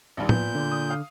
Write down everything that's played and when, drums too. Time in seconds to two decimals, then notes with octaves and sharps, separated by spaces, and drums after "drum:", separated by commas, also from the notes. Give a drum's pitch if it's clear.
0.17 A#1 D#2 G3
0.29 A#2 B3 G6, drum: tom A2
0.55 D3
0.72 D#6
0.90 F5